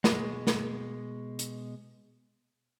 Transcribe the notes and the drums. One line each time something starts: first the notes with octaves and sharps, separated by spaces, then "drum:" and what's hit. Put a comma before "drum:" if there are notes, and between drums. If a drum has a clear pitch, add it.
B2 G#3, drum: snare
drum: snare
drum: hi-hat